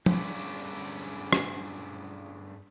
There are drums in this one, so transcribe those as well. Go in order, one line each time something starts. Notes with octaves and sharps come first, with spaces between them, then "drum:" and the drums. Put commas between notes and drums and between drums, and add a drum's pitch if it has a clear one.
G2 G#3 A3 B3 C#4 D4, drum: tom F3
drum: rim click